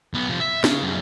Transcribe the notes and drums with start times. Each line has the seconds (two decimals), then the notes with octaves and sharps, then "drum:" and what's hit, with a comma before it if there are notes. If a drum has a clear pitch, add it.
0.14 B1 B3
0.28 C3 F3
0.40 E5
0.64 C#3, drum: snare
0.83 F#2 C#3